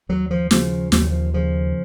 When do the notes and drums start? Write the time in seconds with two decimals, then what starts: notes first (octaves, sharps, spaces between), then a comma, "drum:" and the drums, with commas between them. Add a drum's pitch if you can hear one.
0.09 D#2 F#3
0.31 F3
0.51 C#3 F3, drum: snare
0.92 D#2 F3, drum: snare
1.01 F#3
1.11 F3
1.34 C#3 F3